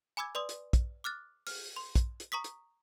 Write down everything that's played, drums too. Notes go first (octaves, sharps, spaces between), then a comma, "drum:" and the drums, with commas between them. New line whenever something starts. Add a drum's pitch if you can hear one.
G#5 B5 D6 E6 G#6
B4 D5 C6 D#6
drum: hi-hat
drum: kick, hi-hat
D6 F6 F#6 A6
F6, drum: open hi-hat
C6
drum: kick, hi-hat
drum: hi-hat
A#5 C#6 D#6 B6
drum: hi-hat